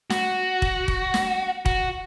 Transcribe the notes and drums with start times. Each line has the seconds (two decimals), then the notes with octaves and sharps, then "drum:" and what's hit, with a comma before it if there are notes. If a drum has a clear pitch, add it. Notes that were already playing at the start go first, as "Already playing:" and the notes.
0.10 F#4, drum: snare
0.62 drum: kick
0.88 drum: kick
1.14 drum: snare
1.66 F#4, drum: kick